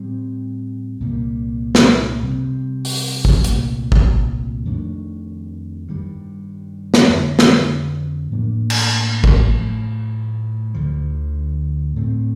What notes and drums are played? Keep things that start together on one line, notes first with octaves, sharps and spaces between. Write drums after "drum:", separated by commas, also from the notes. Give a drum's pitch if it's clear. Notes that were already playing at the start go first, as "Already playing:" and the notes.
Already playing: A2 G3 C4
C2 A#2 G3 A#3
drum: snare
C3 G3 C4
drum: open hi-hat
drum: kick
C2 A#2 A3, drum: hi-hat
drum: kick
F2 D#3 A3 D4
G2 D#3 G3
drum: snare
F2 D3 F3
drum: snare
A2 F3 A#3 D4
drum: cymbal
drum: kick
A2 F3 A3
D2 D3 F3
A2 A3 C4